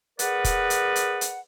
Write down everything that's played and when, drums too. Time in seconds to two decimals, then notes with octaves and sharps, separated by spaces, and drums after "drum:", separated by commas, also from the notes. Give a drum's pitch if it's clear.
0.19 G#4 A#4 B4 D5 F#5, drum: hi-hat
0.44 drum: kick, hi-hat
0.70 drum: hi-hat
0.96 drum: hi-hat
1.21 drum: hi-hat